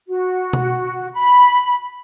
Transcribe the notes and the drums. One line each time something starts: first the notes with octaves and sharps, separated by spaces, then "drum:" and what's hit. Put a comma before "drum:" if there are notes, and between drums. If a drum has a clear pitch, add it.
F#4
drum: tom B2
B5